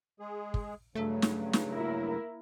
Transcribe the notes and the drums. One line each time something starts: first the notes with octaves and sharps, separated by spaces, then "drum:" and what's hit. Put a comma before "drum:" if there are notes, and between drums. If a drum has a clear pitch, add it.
G#3 G#4
drum: kick
G2 C#3 F#3 A3
drum: snare
drum: snare
A#3 E4 A#4